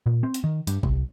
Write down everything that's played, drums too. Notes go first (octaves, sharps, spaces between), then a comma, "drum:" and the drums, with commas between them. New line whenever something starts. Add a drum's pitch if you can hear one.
A#2
C4
drum: hi-hat
D#3
G2, drum: hi-hat
C2, drum: kick